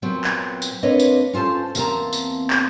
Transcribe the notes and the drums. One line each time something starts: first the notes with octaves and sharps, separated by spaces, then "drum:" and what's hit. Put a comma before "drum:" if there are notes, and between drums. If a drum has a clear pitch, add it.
A#2 F#3 B3 C4
drum: clap
drum: tambourine
A#3 C4 D4 B4 C#5 D#5
drum: tambourine
C#4 F4 A4 C5 A5
E2 A#3 C4 E5 A5 A#5, drum: tambourine
drum: tambourine
drum: clap